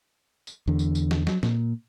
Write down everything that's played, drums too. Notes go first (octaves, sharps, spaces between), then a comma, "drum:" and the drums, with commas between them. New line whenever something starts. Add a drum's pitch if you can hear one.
drum: tambourine
E2 D3
drum: tambourine
drum: tambourine
drum: snare
F#3, drum: snare
A#2, drum: snare